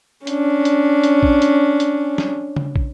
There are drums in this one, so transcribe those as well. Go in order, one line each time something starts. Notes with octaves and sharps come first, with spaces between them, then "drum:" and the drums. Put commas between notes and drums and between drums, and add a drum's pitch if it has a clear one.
C#4 D4, drum: hi-hat
drum: hi-hat
drum: hi-hat
drum: kick
drum: hi-hat
drum: hi-hat
drum: snare
drum: tom C#3
drum: kick